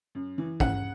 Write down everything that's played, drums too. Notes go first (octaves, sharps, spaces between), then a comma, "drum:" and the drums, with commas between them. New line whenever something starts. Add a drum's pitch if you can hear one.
F#2
E3
C#3 F#5, drum: kick